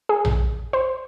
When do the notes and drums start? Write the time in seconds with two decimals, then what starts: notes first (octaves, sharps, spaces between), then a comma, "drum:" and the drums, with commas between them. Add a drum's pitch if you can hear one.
0.09 G#4
0.25 drum: tom A#1
0.73 C5